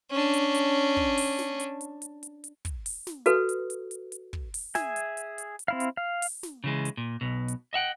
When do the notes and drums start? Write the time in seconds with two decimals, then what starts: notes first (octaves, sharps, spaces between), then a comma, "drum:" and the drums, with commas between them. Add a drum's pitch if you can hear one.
0.10 C#4 D4
0.33 drum: hi-hat
0.54 drum: hi-hat
0.97 drum: kick
1.18 drum: open hi-hat
1.39 drum: snare
1.60 drum: hi-hat
1.81 drum: hi-hat
2.02 drum: hi-hat
2.23 drum: hi-hat
2.44 drum: hi-hat
2.65 drum: kick, hi-hat
2.86 drum: open hi-hat
3.07 drum: snare
3.26 F#4 A4 B4, drum: hi-hat
3.49 drum: hi-hat
3.70 drum: hi-hat
3.91 drum: hi-hat
4.12 drum: hi-hat
4.33 drum: kick
4.54 drum: open hi-hat
4.75 G#4 E5 G#5, drum: snare
4.96 drum: hi-hat
5.17 drum: hi-hat
5.38 drum: hi-hat
5.59 drum: hi-hat
5.68 C4 E4 F5
5.80 drum: hi-hat
5.97 F5
6.22 drum: open hi-hat
6.43 drum: snare
6.64 C#3 E3 G#3
6.85 drum: hi-hat
6.97 A#2
7.21 B1 B2
7.48 drum: hi-hat
7.73 D#5 E5 F#5 G5